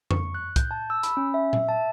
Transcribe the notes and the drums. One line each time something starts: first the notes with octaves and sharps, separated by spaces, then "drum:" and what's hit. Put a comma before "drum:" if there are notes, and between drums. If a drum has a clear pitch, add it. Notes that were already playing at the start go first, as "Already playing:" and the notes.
C#6, drum: tom F2
F#6
G6, drum: kick, hi-hat
A5
E6
B5, drum: hi-hat
C#4
E5
E5, drum: tom A#2
A5